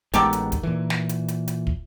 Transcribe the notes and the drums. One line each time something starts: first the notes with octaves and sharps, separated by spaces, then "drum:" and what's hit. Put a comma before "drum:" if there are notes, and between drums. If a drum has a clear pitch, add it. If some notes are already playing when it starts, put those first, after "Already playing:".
A1 D#3 G#3 B3 G4 A4, drum: hi-hat
drum: hi-hat
drum: kick, hi-hat
A#2 E3
drum: snare
drum: hi-hat
drum: hi-hat
drum: hi-hat
drum: kick